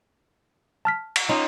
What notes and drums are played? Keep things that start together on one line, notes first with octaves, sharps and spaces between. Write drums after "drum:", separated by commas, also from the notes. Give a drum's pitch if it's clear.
A5 F6 B6
drum: cymbal
C#4 D#4 F4